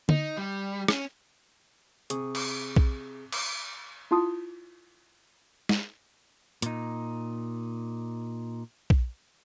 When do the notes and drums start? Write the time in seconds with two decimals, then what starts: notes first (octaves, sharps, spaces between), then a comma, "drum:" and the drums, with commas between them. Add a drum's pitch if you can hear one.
0.09 D#4, drum: tom D3
0.38 G3
0.88 C#4, drum: rim click
2.10 C3 G#4 C#6 D#6, drum: hi-hat
2.35 drum: cymbal
2.76 drum: kick B1
3.32 drum: cymbal
4.11 E4 F4 A5 C6 D#6
5.69 drum: snare
6.62 A#2 D#4, drum: hi-hat
8.90 drum: kick B1